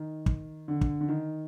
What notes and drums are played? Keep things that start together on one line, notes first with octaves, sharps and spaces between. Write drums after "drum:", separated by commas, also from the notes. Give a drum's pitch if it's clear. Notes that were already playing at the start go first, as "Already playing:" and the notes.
Already playing: D#3
drum: kick
D3
drum: kick
D3
D#3